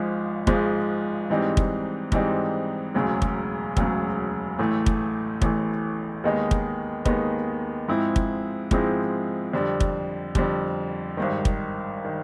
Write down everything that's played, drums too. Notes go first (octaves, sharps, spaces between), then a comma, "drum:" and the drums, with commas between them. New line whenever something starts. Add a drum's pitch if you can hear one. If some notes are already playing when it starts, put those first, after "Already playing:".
Already playing: G#1 G#2 F3 G#3
G#1 G#2 F3 G#3, drum: kick
G#2 E3 G3 C4 D#4
drum: kick
G#2 E3 G3 C4 D#4, drum: kick
E1 D2 C#3 F#3
drum: kick
E1 D2 C#3 F#3, drum: kick
A1 A2 E3 A3
drum: kick
A1 A2 E3 A3, drum: kick
D#2 D#3 G#3 B3 D#4
drum: kick
D#2 D#3 G#3 B3 D#4, drum: kick
G#2 F3 G#3 C4 E4
drum: kick
G#2 F3 G#3 C4 E4, drum: kick
F2 D3 G3
drum: kick
F2 D3 G3, drum: kick
G#1 G2 D#3
drum: kick
D#3